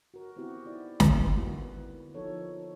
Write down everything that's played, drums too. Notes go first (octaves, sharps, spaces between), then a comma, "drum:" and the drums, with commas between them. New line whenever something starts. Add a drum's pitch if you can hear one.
F#4 A#4
B3 C4 E4 F#4 G4
D#4 E4 D5
drum: snare
D3 A#3 B3 E4 F#4
B4
F3 D#4 A4 C#5